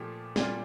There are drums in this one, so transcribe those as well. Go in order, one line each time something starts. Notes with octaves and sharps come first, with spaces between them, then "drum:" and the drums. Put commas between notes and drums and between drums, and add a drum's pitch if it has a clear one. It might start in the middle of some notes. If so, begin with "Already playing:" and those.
Already playing: A#2 F3 A3 G4
A#2 G3 D4 F4, drum: snare